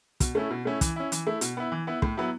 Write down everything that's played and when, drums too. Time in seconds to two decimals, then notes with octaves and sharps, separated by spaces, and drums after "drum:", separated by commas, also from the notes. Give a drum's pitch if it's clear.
0.20 B2, drum: kick, hi-hat
0.35 A3 C#4 E4
0.50 B2
0.65 A3 C#4 E4
0.81 E3, drum: kick, hi-hat
0.96 C#4 E4
1.12 E3, drum: hi-hat
1.27 A3 E4
1.41 B2, drum: hi-hat
1.57 B3 E4
1.72 E3
1.87 B3 E4
2.02 A2, drum: kick
2.17 F#3 B3 E4